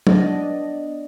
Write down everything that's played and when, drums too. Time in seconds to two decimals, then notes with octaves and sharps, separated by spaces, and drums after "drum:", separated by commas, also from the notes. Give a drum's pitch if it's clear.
0.07 B3 D4 D5 D#5, drum: tom F#3